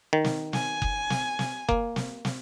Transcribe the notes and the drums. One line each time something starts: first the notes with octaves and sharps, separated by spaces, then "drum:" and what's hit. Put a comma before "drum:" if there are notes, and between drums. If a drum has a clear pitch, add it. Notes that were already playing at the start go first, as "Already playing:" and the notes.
D#3
drum: snare
G#5, drum: snare
drum: kick F#1
drum: snare
drum: snare
A#3, drum: kick F#1
drum: snare
drum: snare